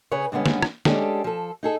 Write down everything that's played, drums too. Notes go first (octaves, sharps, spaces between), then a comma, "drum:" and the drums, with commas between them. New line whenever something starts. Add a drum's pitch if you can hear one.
C#3 G#4 B4 C#5
G2 D3 G#3 B3 C#4
drum: snare
drum: rim click
G#3 C#4 D4 G4 A4, drum: snare
F3 A4
D#4 G#4 A4